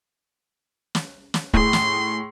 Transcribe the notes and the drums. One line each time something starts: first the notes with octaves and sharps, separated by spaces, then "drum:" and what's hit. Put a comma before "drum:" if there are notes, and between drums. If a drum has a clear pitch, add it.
drum: snare
drum: snare
A2 G#4 C6, drum: kick
drum: snare